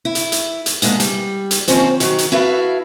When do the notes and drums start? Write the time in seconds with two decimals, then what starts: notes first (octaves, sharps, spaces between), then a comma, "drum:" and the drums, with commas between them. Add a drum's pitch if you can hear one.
0.05 E4
0.15 drum: hi-hat
0.32 drum: hi-hat
0.66 drum: hi-hat
0.82 D3 G#3 A#3 B3, drum: hi-hat
1.00 G3, drum: hi-hat
1.51 drum: hi-hat
1.68 D#3 F3 A#3 C4 C#4 C5, drum: hi-hat
2.00 D#3 F#3, drum: hi-hat
2.18 drum: hi-hat
2.32 E4 F#4 A4 B4 E5 F5